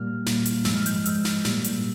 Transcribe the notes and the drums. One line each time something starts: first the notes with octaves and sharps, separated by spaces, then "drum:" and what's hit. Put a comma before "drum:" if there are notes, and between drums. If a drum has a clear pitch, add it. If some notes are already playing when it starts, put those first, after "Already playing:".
Already playing: A#2 G3 A#3 F6
A#2 G3 A#3, drum: snare
drum: hi-hat
G#2 F3 G#3 E6, drum: snare
F6
G6, drum: hi-hat
F6
G#2 F3 G#3 E6, drum: hi-hat
drum: snare
A#2 G3 A#3, drum: snare
drum: hi-hat